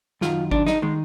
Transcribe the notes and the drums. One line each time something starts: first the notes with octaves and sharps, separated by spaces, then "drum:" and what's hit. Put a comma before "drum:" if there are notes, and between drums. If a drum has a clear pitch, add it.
F#2 D#3 F4, drum: snare
D4, drum: kick G#1
D#4, drum: snare
D#3 G#3